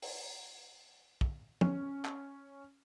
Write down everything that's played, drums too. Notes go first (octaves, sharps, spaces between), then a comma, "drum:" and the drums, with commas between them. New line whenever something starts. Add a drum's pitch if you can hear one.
drum: open hi-hat
drum: kick
C#4, drum: tom
drum: clap